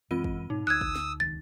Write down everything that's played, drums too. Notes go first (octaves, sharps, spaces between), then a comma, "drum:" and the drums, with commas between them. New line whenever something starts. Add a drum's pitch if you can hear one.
F#2 E3 G#3 C4 F4 D#7
drum: kick
G#2 B2 D#4
D2 D#6 E6 F#6 G#6
drum: kick
drum: snare
D#1 C#2 D#3 A6